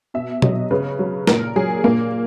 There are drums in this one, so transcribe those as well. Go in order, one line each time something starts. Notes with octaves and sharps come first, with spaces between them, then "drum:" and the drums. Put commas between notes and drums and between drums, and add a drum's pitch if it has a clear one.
B2 E5
F#3 D#5, drum: tom B2
C#3 B4
F#3
A#2 A#4, drum: snare
F#3 G#4
A#2 A#3